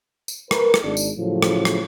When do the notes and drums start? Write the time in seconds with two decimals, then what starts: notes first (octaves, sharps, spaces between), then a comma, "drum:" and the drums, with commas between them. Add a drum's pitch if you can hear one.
0.28 drum: tambourine
0.51 A#4 B4, drum: rim click
0.74 drum: rim click
0.83 G#1 G#3 D4
0.97 drum: tambourine
1.17 A2 C#3 F3 F#3
1.42 drum: rim click
1.65 drum: rim click